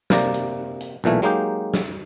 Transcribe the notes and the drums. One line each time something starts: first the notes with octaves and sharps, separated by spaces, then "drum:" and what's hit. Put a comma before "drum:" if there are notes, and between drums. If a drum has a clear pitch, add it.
C3 A#3 D5 A#5, drum: snare
drum: hi-hat
drum: hi-hat
B1 A#2 E3 A3
F#3 G#3 A#3 D#4 G4
drum: snare